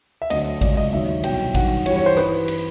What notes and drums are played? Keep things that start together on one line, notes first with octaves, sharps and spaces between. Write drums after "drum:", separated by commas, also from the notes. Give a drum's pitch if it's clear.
E5
D2 D3 F#3 D#5, drum: cymbal
C#2 C#3 F#3 D5, drum: kick G#1, cymbal
D#5
D#2 D#3 F#3 E5
C2 B2 F#3 G5, drum: cymbal
G2 D#3 F#3 F#5, drum: kick G#1, cymbal
G2 E3 G3 C#5, drum: cymbal
C#5
C5
E3 B4, drum: rim click
drum: cymbal